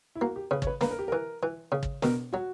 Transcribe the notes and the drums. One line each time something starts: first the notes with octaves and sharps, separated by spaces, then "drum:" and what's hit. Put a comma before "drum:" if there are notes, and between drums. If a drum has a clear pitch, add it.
E4
A#3 F#4
G4
C#3 B4
C#5, drum: kick
B4
A#3 B4, drum: snare
A#4
G4
E3 A#4
E3
C#3
drum: kick
B2 A#4, drum: snare
F#3 F#4